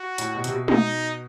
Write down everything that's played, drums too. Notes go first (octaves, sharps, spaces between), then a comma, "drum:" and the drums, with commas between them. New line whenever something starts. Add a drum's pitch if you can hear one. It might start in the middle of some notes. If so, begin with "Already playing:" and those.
Already playing: F#4
A2, drum: hi-hat
B2
C3, drum: hi-hat
B2
D#4, drum: tom G#3